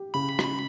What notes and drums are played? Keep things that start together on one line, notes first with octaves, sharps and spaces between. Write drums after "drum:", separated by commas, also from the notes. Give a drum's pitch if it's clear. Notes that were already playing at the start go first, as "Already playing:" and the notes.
Already playing: G4
C#3 B5
drum: rim click